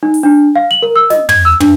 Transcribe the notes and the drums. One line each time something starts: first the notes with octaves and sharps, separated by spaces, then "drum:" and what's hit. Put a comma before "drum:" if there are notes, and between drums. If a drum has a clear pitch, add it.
D#4
drum: open hi-hat
D4
F5
F#7
A#4
E6
D#5, drum: snare
G#6, drum: tom
E6
D4, drum: tom